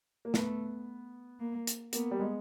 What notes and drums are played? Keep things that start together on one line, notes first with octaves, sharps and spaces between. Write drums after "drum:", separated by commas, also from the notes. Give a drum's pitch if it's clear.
A#3
A3 B3, drum: snare
A#3
drum: hi-hat
A#3 B3, drum: hi-hat
G3
G#3